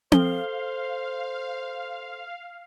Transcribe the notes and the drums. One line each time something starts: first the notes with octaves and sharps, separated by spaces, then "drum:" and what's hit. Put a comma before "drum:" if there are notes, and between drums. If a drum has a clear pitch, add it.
A4 C5 F5 G7, drum: tom C4